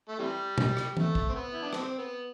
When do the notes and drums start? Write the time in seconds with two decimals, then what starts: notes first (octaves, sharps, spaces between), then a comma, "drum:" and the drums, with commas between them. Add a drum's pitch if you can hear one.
0.09 A3
0.19 C3 E3 G3
0.58 drum: tom
0.77 drum: rim click
0.97 A3, drum: tom
1.15 drum: kick
1.29 C4
1.34 B3
1.53 E4
1.62 D4
1.73 C4, drum: rim click
1.98 B3